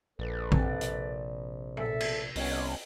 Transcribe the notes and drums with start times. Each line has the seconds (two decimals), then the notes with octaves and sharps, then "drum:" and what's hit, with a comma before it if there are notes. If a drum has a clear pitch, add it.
0.19 A#1 A4 B4 D5
0.52 C3, drum: kick
0.81 drum: hi-hat
1.77 A4 E5, drum: tom
2.01 drum: cymbal
2.36 C2 B3 C#4 C#5, drum: open hi-hat